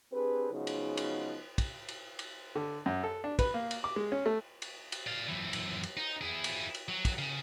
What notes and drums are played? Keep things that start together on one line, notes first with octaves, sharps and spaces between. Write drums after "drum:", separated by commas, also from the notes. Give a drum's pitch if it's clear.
C4 D4 G4 G#4 B4
C#3 F3 F#3 G#3 B3 D#4
drum: cymbal
drum: cymbal
drum: kick, cymbal
drum: cymbal
drum: cymbal
D3
F#2
A4
D4
B4, drum: kick, cymbal
A#3
drum: cymbal
D6
G#3
C#4
A3
drum: cymbal
drum: cymbal
D5 F5
F#2 E3
drum: cymbal
drum: cymbal
D#4
E4 G#4
drum: cymbal
drum: cymbal
F#3
drum: kick, cymbal
C#3